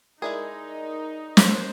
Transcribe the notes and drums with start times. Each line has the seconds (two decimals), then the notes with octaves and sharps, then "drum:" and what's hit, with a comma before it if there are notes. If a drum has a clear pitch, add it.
0.22 G#3 D#4 E4 G#4 A#4 D5
1.37 C5, drum: snare